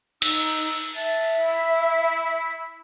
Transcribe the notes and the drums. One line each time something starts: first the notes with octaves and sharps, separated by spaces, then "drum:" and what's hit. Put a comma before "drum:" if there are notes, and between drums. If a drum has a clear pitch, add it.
D#4 E6, drum: cymbal
E5 A5
E4